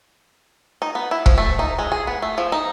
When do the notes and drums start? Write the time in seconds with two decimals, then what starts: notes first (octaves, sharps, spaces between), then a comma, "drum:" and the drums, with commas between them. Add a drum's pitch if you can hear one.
0.82 D#4
0.95 B3
1.11 E4
1.26 F3, drum: kick
1.38 A3
1.59 D#4
1.79 G#3
1.92 G#4
2.07 B3
2.22 A3
2.38 F3
2.52 D#4